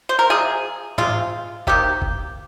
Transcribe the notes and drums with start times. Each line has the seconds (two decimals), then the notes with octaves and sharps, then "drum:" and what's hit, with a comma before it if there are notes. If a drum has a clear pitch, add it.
0.09 C5
0.19 A#4
0.30 C3 F3 G#3 G#4
0.98 C3 D#3 G#3 F4, drum: tom G#2
1.67 C3 D#3 A#3 G4, drum: kick
2.02 drum: kick